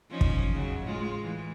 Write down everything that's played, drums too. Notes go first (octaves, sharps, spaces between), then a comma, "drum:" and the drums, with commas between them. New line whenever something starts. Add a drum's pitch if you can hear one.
F3 C#4 D#4
drum: kick
C#3 F#3
A2 G#3 F4
E3